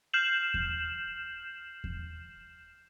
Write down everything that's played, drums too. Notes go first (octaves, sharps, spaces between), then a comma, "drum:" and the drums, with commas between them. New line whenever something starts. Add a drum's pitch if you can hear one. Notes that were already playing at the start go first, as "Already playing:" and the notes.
F6 G6 C7 E7 F#7
drum: kick E2
drum: kick E2